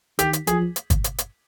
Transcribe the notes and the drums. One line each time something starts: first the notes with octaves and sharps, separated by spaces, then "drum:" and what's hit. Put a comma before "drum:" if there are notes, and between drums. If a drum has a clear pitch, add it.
D#3 G4, drum: hi-hat
drum: hi-hat
F3 G#4, drum: hi-hat
drum: hi-hat
drum: kick, hi-hat
drum: hi-hat
drum: hi-hat